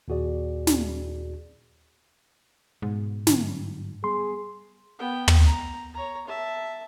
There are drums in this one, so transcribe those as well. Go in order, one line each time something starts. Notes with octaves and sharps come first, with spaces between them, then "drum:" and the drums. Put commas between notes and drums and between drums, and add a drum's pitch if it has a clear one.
D#2 A#2 F#4 G#4 D5
drum: snare
G#2 B2
G2 D3 F#3, drum: snare
G3 B3 G#4 C6
B3 G5
drum: tom
A#5
C#5 A#5
E5 A5